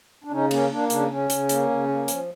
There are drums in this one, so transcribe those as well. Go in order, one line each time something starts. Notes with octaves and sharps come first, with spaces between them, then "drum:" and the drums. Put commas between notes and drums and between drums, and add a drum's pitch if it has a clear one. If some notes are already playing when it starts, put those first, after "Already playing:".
D4
C#3 C#4 D#4
A#3 C#4, drum: cymbal
A#3 D4
C#3 D4, drum: hi-hat
C#3 C#4
C#3, drum: hi-hat
A#3, drum: hi-hat
C#3
A#3
F3, drum: hi-hat